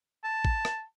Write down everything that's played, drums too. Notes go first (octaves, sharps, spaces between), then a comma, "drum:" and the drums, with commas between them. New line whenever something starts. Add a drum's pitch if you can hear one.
A5
drum: kick A1
drum: rim click